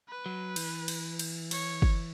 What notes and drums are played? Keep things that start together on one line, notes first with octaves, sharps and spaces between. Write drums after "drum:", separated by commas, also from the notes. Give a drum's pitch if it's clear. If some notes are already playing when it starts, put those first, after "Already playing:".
B4
F#3
E3, drum: cymbal
drum: cymbal
drum: cymbal
C#5, drum: cymbal
drum: kick